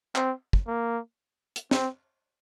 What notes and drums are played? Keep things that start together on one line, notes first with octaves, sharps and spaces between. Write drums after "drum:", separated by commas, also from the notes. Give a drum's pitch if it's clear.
C4, drum: clap
drum: kick
A#3
drum: hi-hat
C4, drum: snare